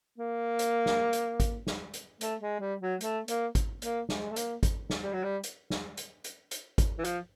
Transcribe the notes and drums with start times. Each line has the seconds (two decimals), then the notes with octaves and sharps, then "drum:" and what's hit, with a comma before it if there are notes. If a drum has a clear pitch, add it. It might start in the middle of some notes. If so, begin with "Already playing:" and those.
0.18 A#3
0.59 drum: hi-hat
0.86 drum: snare
1.13 drum: hi-hat
1.40 drum: kick G#1, hi-hat
1.67 drum: snare
1.94 drum: hi-hat
2.21 A3, drum: hi-hat
2.41 G#3
2.60 G3
2.81 F#3
3.01 A3, drum: hi-hat
3.28 A#3, drum: hi-hat
3.55 drum: kick G#1, hi-hat
3.82 A#3, drum: hi-hat
4.09 G#3, drum: snare
4.31 A3
4.36 A#3, drum: hi-hat
4.63 drum: kick G#1, hi-hat
4.90 drum: snare
5.03 G3
5.13 F#3
5.23 G3
5.44 drum: hi-hat
5.70 drum: snare
5.97 drum: hi-hat
6.24 drum: hi-hat
6.51 drum: hi-hat
6.78 drum: kick G#1, hi-hat
6.98 E3
7.04 F3, drum: hi-hat